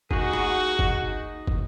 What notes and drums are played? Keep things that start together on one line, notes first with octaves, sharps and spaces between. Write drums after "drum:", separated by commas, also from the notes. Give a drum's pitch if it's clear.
A#3 D#4 F#4 G#4, drum: kick
drum: rim click
drum: kick
drum: kick